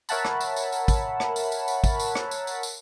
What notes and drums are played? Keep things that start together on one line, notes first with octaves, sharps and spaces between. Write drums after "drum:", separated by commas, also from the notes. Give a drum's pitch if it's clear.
A#4 C#5 E5 F#5 A5 B5, drum: tambourine
drum: rim click
drum: tambourine
drum: tambourine
drum: tambourine
drum: kick, tambourine
drum: rim click
drum: tambourine
drum: tambourine
drum: tambourine
drum: kick, tambourine
drum: tambourine
drum: rim click
drum: tambourine
drum: tambourine
drum: tambourine